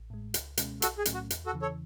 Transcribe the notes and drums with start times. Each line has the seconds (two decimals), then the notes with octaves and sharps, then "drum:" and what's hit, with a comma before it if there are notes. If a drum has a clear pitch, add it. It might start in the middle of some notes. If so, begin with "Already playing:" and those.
Already playing: A1
0.10 A2 G#3
0.34 C#2, drum: hi-hat
0.57 B2 G#3 C#4, drum: hi-hat
0.82 B1 F#4 A4, drum: hi-hat
0.98 G#4
1.05 A2 F#3 A3 C#4, drum: hi-hat
1.14 F#4
1.30 E2, drum: hi-hat
1.46 F#4 A4
1.53 C#3 E3
1.62 A4 C#5